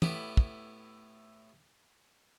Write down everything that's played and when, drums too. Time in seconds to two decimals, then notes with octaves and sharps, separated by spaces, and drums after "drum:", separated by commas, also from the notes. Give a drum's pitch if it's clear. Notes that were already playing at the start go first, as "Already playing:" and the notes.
0.02 A2 B3 E4 G4, drum: tom
0.37 drum: kick